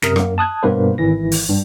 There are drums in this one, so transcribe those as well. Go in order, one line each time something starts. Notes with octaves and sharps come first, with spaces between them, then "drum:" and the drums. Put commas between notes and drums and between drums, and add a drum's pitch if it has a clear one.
F#2 C3 A#4 D#6, drum: snare
F#2 A#3, drum: rim click
A5 D#6 F#6 G#6
G2 B2 A#3 B4 C5
G#1 E3 A#6
drum: open hi-hat
G2